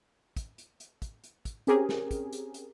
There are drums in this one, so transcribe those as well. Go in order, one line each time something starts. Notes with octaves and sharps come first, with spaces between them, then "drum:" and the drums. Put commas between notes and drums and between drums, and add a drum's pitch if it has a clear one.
drum: kick, hi-hat
drum: hi-hat
drum: hi-hat
drum: kick, hi-hat
drum: hi-hat
drum: kick, hi-hat
C4 C#4 G4 G#4 A#4, drum: hi-hat
drum: snare
drum: kick, hi-hat
drum: hi-hat
drum: hi-hat